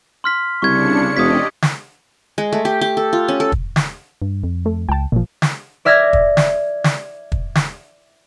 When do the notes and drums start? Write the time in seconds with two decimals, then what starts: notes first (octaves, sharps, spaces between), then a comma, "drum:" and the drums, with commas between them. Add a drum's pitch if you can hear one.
0.24 C6 F6 B6
0.62 C2 C#3 D4 C#6 G#6 C#7
1.17 F1 G4 D5 D#5 D#6 G#6 B6
1.62 drum: snare
2.38 G#3
2.53 A3
2.65 G4
2.81 G4
2.97 A4
3.13 F4
3.28 C#4
3.40 A4
3.52 drum: kick
3.76 drum: snare
4.22 G2
4.44 F2
4.66 A3
4.89 C#2 G5 A5
5.12 G#1 A#2 F3
5.42 drum: snare
5.85 D5 E5 F6 G#6 A#6
6.13 drum: kick
6.37 drum: snare
6.84 drum: snare
7.32 drum: kick
7.55 drum: snare